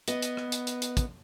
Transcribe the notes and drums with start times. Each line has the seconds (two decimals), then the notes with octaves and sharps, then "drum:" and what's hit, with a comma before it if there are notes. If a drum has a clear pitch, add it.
0.08 B3 D#5, drum: hi-hat
0.22 drum: hi-hat
0.37 drum: rim click
0.52 drum: hi-hat
0.67 drum: hi-hat
0.82 drum: hi-hat
0.97 drum: kick, hi-hat